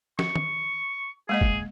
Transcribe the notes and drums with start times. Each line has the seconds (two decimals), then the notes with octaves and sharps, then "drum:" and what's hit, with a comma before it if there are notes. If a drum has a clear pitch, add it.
0.19 C#6, drum: snare
0.36 drum: tom
1.29 G#3 A#3 G#4 D#5
1.41 drum: kick